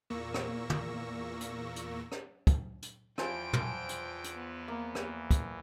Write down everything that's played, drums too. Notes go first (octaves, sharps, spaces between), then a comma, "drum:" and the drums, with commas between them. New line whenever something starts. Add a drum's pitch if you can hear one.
E2 A#2 A#3 C#6 E6 A#6
drum: rim click
drum: tom
drum: hi-hat
drum: hi-hat
drum: rim click
drum: kick, hi-hat
drum: hi-hat
E2 E3 F3 G5 G#5 D7, drum: rim click
drum: tom
drum: hi-hat
drum: hi-hat
B3
A#3
drum: rim click
drum: kick, hi-hat